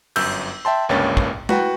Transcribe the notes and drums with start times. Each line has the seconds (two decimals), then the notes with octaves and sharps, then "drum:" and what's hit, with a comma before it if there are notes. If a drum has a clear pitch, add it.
0.16 G1 F#2 E6 G6, drum: cymbal
0.65 E5 G5 A5 C6
0.89 G1 C#2 G2 A#3 C#4 A6
1.17 drum: kick
1.49 F#4 B4 F#5 G5, drum: tom